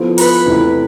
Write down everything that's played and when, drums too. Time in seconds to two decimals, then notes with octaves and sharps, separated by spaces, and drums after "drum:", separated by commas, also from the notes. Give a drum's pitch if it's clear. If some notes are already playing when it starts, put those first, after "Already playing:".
Already playing: F3 B3 E4 A4 C5
0.18 B4, drum: open hi-hat
0.46 E2 C3 E3 A3 E4